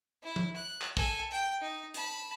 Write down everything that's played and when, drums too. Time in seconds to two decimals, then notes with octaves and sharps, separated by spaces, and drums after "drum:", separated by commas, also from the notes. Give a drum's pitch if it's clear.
0.23 E4
0.36 drum: tom F3
0.56 F#6
0.82 drum: clap
0.97 A4 G#5, drum: kick
1.31 G5
1.61 D#4
1.94 A5 B5, drum: hi-hat